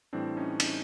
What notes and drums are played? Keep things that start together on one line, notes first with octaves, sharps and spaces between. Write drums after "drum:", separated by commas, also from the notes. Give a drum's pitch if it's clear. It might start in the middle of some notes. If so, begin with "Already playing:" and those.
A2 E3 G3 C4 D4
C#4 D#4
C#4 D#4, drum: cymbal